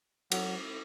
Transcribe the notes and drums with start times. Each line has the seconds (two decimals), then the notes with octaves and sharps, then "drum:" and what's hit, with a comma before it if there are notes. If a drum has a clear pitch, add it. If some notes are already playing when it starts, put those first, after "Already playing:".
0.32 F#3, drum: cymbal